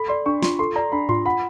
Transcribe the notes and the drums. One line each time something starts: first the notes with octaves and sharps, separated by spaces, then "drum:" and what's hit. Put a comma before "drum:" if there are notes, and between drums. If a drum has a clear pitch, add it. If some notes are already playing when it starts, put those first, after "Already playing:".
Already playing: A4 B5
D5 C6
D4 C#6
F4 C6, drum: snare
A4 C6
D5 A#5
D4 B5
F4 C6, drum: tom G#2
F#5 B5